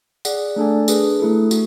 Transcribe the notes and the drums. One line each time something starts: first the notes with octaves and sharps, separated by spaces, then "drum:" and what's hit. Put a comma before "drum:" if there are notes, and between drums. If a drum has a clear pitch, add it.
G#4 D5 F#5, drum: tambourine
A3 D4 A4 D5 G#5
D4 G#4 B4, drum: tambourine
A3 E4 A4
F#4, drum: tambourine